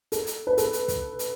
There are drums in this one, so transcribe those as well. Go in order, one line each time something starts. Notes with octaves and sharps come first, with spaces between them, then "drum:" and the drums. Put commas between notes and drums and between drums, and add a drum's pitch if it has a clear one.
A4, drum: hi-hat
drum: hi-hat
B4
A4, drum: hi-hat
drum: hi-hat
drum: kick, hi-hat
drum: hi-hat